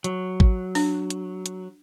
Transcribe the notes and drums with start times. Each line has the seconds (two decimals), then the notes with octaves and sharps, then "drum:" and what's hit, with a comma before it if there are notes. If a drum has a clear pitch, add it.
0.04 F#3, drum: hi-hat
0.40 drum: kick G#1
0.75 D4, drum: open hi-hat
1.10 drum: hi-hat
1.46 drum: hi-hat